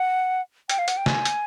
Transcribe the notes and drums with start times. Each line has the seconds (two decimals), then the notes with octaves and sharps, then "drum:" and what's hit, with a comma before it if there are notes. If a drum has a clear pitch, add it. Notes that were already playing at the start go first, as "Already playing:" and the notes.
Already playing: F#5
0.70 G5, drum: hi-hat
0.79 F5
0.88 F#5, drum: hi-hat
0.97 G5
1.06 G#5, drum: snare
1.25 drum: hi-hat